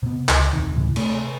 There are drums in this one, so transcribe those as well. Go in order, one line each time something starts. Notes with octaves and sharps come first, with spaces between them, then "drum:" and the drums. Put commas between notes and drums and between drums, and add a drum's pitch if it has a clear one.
C3 B3
C#2, drum: clap
E1 C3 D#3
D2 A2 C#3 E3
C3 A3, drum: cymbal